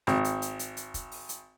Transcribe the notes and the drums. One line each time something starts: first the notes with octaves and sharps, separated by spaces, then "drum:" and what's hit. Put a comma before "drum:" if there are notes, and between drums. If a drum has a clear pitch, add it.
G#1, drum: rim click
drum: hi-hat
drum: hi-hat
drum: hi-hat
drum: hi-hat
drum: kick, hi-hat
drum: open hi-hat
drum: hi-hat